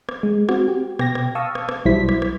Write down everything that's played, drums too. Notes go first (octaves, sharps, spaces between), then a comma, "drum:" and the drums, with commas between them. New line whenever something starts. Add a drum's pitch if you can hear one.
drum: rim click
G#3
C4 F#4, drum: rim click
G4
B2 G5 A#6, drum: rim click
drum: rim click
F5 A5 C#6 D#6 E6
drum: rim click
drum: rim click
B1 F#3 G3 E4 C5 B6
drum: rim click
drum: rim click